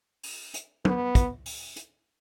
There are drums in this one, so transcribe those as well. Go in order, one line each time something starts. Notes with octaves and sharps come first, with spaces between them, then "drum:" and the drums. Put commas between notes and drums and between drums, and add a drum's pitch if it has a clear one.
drum: open hi-hat
drum: hi-hat
B3, drum: tom
drum: kick, hi-hat
drum: open hi-hat
drum: hi-hat